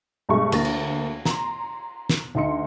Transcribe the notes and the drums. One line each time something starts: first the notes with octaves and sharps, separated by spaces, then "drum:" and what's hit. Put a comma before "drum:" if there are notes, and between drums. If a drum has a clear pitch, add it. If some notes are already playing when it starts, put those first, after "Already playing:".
B1 G2 G#3 A3 C#6
D2 A#3 A6 A#6, drum: cymbal
drum: cymbal
A#5 C6, drum: snare
drum: snare
D2 D#4 C6 C#7